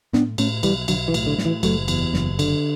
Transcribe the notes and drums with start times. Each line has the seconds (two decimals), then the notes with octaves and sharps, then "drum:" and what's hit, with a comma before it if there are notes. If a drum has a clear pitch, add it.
0.13 A2 B3 D4, drum: snare
0.38 A2 A3 C#4, drum: cymbal
0.63 B1 E3 G3, drum: cymbal
0.88 B1 D3 F#3, drum: cymbal
1.08 E3
1.14 A2, drum: cymbal
1.27 D3
1.38 A2, drum: snare
1.45 E3
1.63 F#1 F#3 A3, drum: cymbal
1.88 E2, drum: cymbal
2.14 F#1, drum: snare
2.39 D3, drum: cymbal